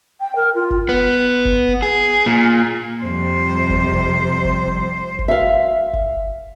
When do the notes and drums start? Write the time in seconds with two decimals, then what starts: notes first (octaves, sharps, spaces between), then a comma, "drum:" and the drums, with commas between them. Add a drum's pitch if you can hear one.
0.20 G5
0.36 A#4
0.55 F4
0.70 drum: kick F#1
0.89 B3
1.45 drum: kick F#1
1.83 G#4
2.26 A#2
3.03 F2 C3 G3 C5
3.69 drum: kick F#1
4.44 drum: kick F#1
5.19 drum: kick F#1
5.28 E5 F5
5.93 drum: kick F#1